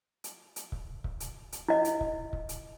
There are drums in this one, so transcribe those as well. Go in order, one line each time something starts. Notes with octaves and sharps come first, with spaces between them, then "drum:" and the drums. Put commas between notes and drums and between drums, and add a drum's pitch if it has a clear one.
drum: hi-hat
drum: hi-hat
drum: kick C#1
drum: kick C#1
drum: hi-hat
drum: hi-hat
E4 D#5
drum: hi-hat
drum: kick C#1
drum: kick C#1
drum: hi-hat